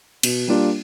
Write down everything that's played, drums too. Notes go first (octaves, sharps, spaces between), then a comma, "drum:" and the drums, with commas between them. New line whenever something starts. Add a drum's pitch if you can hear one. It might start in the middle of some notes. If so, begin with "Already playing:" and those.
B2, drum: cymbal
G3 A#3 D4 F4